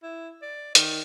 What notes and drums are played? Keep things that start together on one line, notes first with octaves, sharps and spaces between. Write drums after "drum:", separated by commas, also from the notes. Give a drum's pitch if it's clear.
E4
D5
D#3, drum: hi-hat